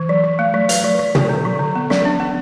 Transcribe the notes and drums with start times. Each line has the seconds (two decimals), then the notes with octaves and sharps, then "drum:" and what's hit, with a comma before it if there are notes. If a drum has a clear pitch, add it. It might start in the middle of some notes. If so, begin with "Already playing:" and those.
Already playing: E3
0.09 F#3
0.24 F#3
0.39 A3
0.54 F#3
0.69 A3 B4, drum: hi-hat
0.84 F#3
1.00 F#3
1.15 F#3, drum: tom
1.29 D3
1.45 F#3
1.59 D3
1.75 B3
1.90 F#3, drum: snare
2.05 D4
2.20 B3